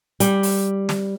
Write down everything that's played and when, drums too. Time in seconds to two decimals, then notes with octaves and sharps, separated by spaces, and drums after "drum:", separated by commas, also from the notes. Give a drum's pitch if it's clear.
0.20 G3, drum: hi-hat
0.43 drum: open hi-hat
0.89 drum: snare